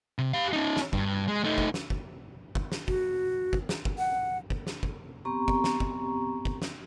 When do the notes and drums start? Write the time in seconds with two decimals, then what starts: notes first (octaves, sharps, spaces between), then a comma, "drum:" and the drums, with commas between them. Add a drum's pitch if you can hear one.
0.18 C3
0.33 G4 F5
0.53 C#4 D#4
0.77 drum: snare
0.93 G2, drum: kick
1.28 G#3
1.44 A3 D#4
1.58 drum: kick
1.74 drum: snare
1.90 drum: kick
2.55 drum: kick
2.72 drum: snare
2.88 F#4, drum: kick
3.53 drum: kick
3.69 drum: snare
3.85 drum: kick
3.98 F#5
4.50 drum: kick
4.67 drum: snare
4.83 drum: kick
5.25 B3 C4 G4 A#5 C#6
5.48 drum: kick
5.64 drum: snare
5.80 drum: kick
6.45 drum: kick
6.62 drum: snare